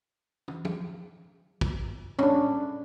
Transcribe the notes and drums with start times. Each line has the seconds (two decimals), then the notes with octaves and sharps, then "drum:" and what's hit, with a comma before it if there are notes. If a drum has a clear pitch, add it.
0.48 drum: tom
0.65 drum: tom F3
1.61 drum: kick
2.19 C#4 D4, drum: tom